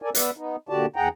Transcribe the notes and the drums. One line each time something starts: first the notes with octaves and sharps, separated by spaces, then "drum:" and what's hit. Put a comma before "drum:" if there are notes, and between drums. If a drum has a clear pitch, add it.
A4 A#4 D5 G#5
B3 B4 D5 E5, drum: hi-hat
B3 D#4
A#2 D3 F#4 G4 D5 A5
E2 G#4 F#5 G5 A#5